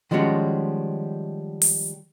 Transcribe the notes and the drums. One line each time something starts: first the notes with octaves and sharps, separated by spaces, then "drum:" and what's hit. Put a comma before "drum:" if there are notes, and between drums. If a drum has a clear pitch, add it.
D#3 F3 G3 G#3 C#4 F#4
drum: open hi-hat